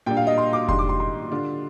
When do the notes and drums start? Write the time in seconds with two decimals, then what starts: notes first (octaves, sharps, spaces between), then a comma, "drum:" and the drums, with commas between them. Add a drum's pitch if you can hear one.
0.06 A#2 G3 D4 G5
0.17 F5
0.27 D#5
0.38 C6
0.53 D6
0.69 G#2 D#3 G3 D4 C6, drum: kick F1
0.79 D6
0.89 C6
1.00 C6
1.31 D3 G3 D4 F4